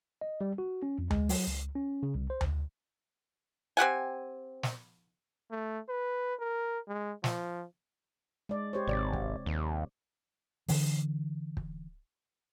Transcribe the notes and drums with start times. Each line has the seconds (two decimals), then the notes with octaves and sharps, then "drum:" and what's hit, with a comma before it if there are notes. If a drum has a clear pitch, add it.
0.21 D#5
0.41 G3
0.58 F#4
0.83 C#4
0.98 F2
1.11 G#3, drum: tom D2
1.29 F#3, drum: open hi-hat
1.47 C#2
1.75 C#4
2.03 C#3
2.15 C2
2.30 C5
2.41 drum: tom D2
3.77 C4 G4 F#5 G#5
4.63 drum: snare
5.51 A3
5.89 B4
6.40 A#4
6.88 G#3
7.24 F3, drum: snare
8.49 G#3 D5
8.73 G4 C5 C#5
8.88 G#1 C3 D5
9.13 drum: kick
9.46 D#2
10.68 D3 E3, drum: open hi-hat
11.57 drum: kick